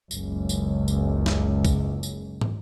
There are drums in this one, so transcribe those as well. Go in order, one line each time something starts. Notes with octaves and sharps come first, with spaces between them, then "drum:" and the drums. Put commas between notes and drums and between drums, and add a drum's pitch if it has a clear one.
F#1 C#2, drum: tambourine
drum: tambourine
drum: tambourine
drum: snare
drum: kick B1, tambourine
drum: tambourine
drum: tom